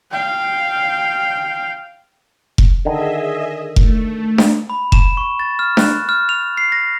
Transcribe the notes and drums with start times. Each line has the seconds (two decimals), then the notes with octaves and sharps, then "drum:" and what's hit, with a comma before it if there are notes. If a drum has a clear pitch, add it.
0.11 F5 G5
2.58 drum: kick F1
2.85 D3 D#3 G#4 D#5 E5
3.76 A3, drum: kick F1
4.38 drum: snare D4
4.70 B5
4.92 E7, drum: kick F1
5.17 C#6
5.40 A6
5.59 F6
5.77 F#6, drum: snare D4
6.09 F6
6.29 F7
6.57 C7
6.72 A#6